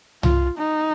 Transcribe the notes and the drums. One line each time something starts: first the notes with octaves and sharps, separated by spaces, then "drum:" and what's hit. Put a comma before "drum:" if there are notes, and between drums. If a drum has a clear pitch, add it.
F4, drum: tom C2
D#4